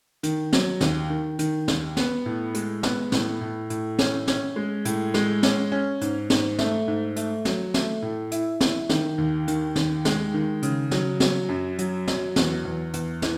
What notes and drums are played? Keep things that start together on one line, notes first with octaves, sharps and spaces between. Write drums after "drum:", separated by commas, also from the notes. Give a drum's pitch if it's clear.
D#3, drum: hi-hat
F#3, drum: snare
D#2, drum: snare
D#3
D#3, drum: hi-hat
D#2, drum: snare
B3, drum: snare
A2
G#3, drum: hi-hat
B3, drum: snare
A2, drum: snare
A2
A2, drum: hi-hat
C#4, drum: snare
C#4, drum: snare
G#3
A2, drum: hi-hat
G#3, drum: snare
C#4, drum: snare
C#4
G#2, drum: hi-hat
G#2, drum: snare
A3, drum: snare
G#2
A3, drum: hi-hat
F#3, drum: snare
A3, drum: snare
A2
E4, drum: hi-hat
E4, drum: snare
D#3, drum: snare
D#2
D#3, drum: hi-hat
D#2, drum: snare
G#3, drum: snare
D#3
C#3, drum: hi-hat
F#3, drum: snare
F#3, drum: snare
F#2
F#3, drum: hi-hat
F#3, drum: snare
E2, drum: snare
E2
E2, drum: hi-hat
E3, drum: snare